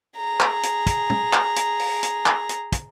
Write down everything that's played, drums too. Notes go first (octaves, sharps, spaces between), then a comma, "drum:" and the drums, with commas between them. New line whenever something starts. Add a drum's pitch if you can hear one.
G#4 A#5
drum: clap
drum: hi-hat
drum: kick, hi-hat
drum: tom A#2
drum: clap
drum: hi-hat
drum: open hi-hat
drum: hi-hat
drum: clap
drum: hi-hat
drum: kick, hi-hat